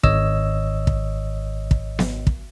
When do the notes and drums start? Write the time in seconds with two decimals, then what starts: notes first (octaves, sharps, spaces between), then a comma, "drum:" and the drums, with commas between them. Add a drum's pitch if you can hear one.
0.03 G#1 C#5 D#5 E6, drum: kick
0.87 drum: kick
1.71 drum: kick
1.99 drum: snare B3
2.27 drum: kick